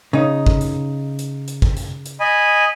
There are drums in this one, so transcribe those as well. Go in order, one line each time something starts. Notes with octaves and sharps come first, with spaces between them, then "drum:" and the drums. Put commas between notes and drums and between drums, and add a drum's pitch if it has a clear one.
C#3 D#4
drum: kick
drum: hi-hat
drum: hi-hat
drum: hi-hat
drum: kick
drum: hi-hat
drum: hi-hat
D#5 G#5 B5